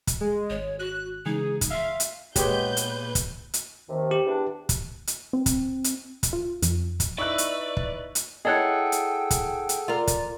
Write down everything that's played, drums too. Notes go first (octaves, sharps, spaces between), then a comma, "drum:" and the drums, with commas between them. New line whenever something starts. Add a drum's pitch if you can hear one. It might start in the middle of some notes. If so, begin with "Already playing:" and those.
drum: kick, hi-hat
G#3
G#1 C#5
F#4 F#6
C#3 E3 G#3 D#4 G#4
drum: kick, hi-hat
E5 F5 C6 E6
drum: hi-hat
A#2 G#3 B3 G4 G#4 B4 C#5 G6, drum: kick, hi-hat
drum: hi-hat
drum: kick, hi-hat
drum: hi-hat
D#2 C3 D#3
G4
E2 D4
drum: kick, hi-hat
drum: hi-hat
C4
drum: kick, hi-hat
drum: hi-hat
drum: kick, hi-hat
F4
F2, drum: hi-hat
drum: kick, hi-hat
D#4 E4 B4 D5 C#6 E6 F#6 F#7
drum: hi-hat
drum: kick
drum: hi-hat
E4 G#4 A4 C#5 D#5 F#5 G5
drum: hi-hat
drum: kick, hi-hat
drum: hi-hat
F4 A#4 D5
drum: kick, hi-hat